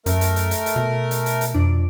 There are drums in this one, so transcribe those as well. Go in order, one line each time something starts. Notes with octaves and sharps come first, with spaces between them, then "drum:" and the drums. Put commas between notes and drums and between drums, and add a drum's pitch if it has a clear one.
F#2 A3 A#4, drum: hi-hat
drum: hi-hat
drum: hi-hat
drum: hi-hat
drum: hi-hat
B2
drum: hi-hat
drum: hi-hat
drum: hi-hat
F2 D4 D7